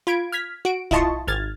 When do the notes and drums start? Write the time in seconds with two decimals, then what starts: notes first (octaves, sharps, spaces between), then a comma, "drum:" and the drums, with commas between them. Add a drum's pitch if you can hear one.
0.07 F4 B5 G#6 D7
0.32 F6 G#6 B6
0.65 F#4 D7
0.91 E4 F4 D#5 A5 C6 C#6, drum: kick
1.27 G#1 F6 G#6 A6